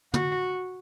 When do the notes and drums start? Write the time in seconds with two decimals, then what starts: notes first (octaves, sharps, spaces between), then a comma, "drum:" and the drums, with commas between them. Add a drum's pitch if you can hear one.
0.14 F#4, drum: tom